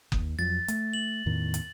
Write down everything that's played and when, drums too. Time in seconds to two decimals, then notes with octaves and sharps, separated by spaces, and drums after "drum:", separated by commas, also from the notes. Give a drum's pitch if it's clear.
0.12 D#2, drum: kick F#1
0.39 F2 F#3 A6
0.68 A3, drum: hi-hat
0.93 F#7
1.26 E2 A2 D#3
1.54 drum: hi-hat